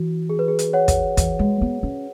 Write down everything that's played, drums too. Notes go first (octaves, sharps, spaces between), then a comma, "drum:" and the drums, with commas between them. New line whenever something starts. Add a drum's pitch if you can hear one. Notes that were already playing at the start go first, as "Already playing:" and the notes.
Already playing: E3 F#4
G#4
B4
G#4
drum: hi-hat
C#5 F#5
drum: kick, hi-hat
E3, drum: kick, hi-hat
G#3
B3
C#4